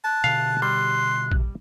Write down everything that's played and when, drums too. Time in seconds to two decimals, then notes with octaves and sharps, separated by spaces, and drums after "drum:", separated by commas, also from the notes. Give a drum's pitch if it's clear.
0.04 A5 F#6
0.24 B2 D3 F5
0.62 G3 C6
1.32 drum: kick A#1